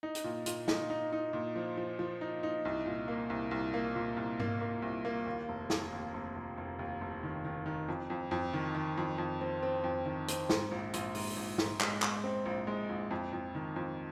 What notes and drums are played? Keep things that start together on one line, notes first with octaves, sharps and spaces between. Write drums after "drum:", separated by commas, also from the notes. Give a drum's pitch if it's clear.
D#4
drum: hi-hat
A#2
A#2, drum: hi-hat
D#4, drum: snare
D#4
D#4
A#2
F3
F3
F3
D#4
D#4
C2
A#2
A#3
C2
C2
A#3
A#2
C2
A#3, drum: tom
A#3
C2
A#3
D#2
F1
F1, drum: snare
D#2
F1
F1
F1
D#2
F1
D#3
D#3
D#3
F2
F2
F2
D#3
D#3
F2
F2
C4
C4
F2
D#3
C4, drum: hi-hat
G#2, drum: snare
A#1
A#1, drum: hi-hat
G#2, drum: open hi-hat
A#1
G#2, drum: snare
G#3, drum: clap
G#3, drum: clap
C4
A#1
G#3
A#1
F2
F2
D#3
F2